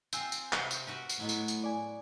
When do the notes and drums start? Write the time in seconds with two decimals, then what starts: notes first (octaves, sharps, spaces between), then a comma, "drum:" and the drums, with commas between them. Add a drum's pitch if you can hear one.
0.13 C4 F4 G#5 E6 G6, drum: tambourine
0.32 drum: tambourine
0.53 C3 C5 F5, drum: clap
0.71 drum: tambourine
0.87 F#4 A#4 B4
1.09 drum: tambourine
1.20 A2 F#3 G#3 B3
1.29 drum: tambourine
1.48 drum: tambourine
1.64 D5 G#5